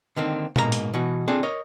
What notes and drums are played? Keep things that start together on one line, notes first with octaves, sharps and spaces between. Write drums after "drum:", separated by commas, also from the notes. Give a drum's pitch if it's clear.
D3 D#3 A#3 C4
G#2 B2 A#3 F#4 A#5, drum: tom A#2
drum: hi-hat
B2 E3 F#4
C4 D4 F4 G#4 A4
A#4 C#5 D#5